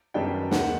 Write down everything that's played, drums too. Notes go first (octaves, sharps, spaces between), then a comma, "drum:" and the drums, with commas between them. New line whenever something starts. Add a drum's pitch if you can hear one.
F#2 D#3 G3 B3 D4 G5
D#2 D#3 G#3 F#5, drum: snare